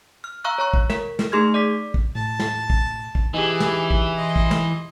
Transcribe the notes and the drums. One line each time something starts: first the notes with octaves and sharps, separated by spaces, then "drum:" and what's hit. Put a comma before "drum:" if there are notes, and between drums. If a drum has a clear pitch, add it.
F6
F5 A#5 C#6 E6 F#6
C#5 A#5 C#6
drum: kick
A#4, drum: snare
drum: snare
A3 D#4 G#4 C6 F6 G#6
D5 D6 B6
drum: kick
A2 A5
drum: snare
drum: kick
drum: kick
E3 D#4 G4 G#4
drum: snare
drum: kick
D#5 C6
drum: kick
drum: snare